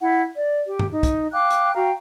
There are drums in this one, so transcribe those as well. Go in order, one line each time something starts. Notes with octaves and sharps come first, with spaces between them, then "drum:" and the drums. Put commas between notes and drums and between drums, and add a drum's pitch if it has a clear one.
E4 F#5
D5
G4
drum: tom G2
D#4
drum: kick, hi-hat
F5 G5 D6 F#6
drum: hi-hat
F#4 F5 G5 A#5